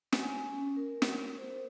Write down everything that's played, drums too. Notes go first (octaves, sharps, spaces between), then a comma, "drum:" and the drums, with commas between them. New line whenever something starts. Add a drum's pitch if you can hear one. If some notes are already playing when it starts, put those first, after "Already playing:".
G#5, drum: snare
C#4
A#4
drum: snare
C5